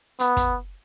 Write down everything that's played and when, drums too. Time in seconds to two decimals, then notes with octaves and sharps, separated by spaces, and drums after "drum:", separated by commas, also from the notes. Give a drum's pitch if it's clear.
0.19 B3, drum: hi-hat
0.37 drum: kick, hi-hat